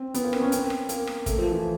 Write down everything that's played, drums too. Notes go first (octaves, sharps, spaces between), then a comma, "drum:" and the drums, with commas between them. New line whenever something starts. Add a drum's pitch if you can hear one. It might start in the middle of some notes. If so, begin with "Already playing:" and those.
Already playing: C4
B3, drum: hi-hat
A#3
C4, drum: rim click
C#4
C4, drum: hi-hat
drum: rim click
A#3, drum: hi-hat
drum: rim click
A3, drum: kick, hi-hat
F3
E3